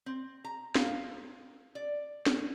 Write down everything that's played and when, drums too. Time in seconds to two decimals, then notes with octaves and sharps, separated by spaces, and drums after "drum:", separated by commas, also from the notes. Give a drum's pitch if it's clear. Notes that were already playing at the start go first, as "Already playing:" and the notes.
0.06 C4
0.44 A#5
0.75 F5, drum: snare
1.75 D5
2.26 drum: snare